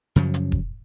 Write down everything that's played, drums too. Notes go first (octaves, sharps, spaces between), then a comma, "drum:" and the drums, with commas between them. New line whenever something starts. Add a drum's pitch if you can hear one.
F#2 C#3 F3 F#3
drum: hi-hat
drum: kick E1